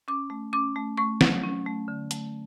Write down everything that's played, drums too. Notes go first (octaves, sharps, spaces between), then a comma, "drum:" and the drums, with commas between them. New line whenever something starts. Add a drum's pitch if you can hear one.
C#4 D6
A3
C#4 D6
A3
A3 C#6
F#3, drum: snare
C#4
A3
D3
A3, drum: hi-hat